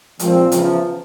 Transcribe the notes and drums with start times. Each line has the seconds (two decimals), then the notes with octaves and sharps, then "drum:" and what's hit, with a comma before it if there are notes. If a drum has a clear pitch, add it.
0.19 A#2 F3 G#3 C4, drum: hi-hat
0.52 E2 C#3 F3, drum: hi-hat